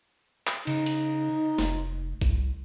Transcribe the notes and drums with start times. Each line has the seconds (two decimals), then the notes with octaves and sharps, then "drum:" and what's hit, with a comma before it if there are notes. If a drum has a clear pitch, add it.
0.47 drum: clap
0.67 C#3 D#4, drum: cymbal
0.86 drum: hi-hat
1.58 F1, drum: snare
2.21 C2, drum: kick F#1